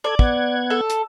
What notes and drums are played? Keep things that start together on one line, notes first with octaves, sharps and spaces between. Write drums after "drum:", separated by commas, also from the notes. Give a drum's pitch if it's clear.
A4 D5 G#6
B3 F#5 G#6, drum: kick
A4
drum: hi-hat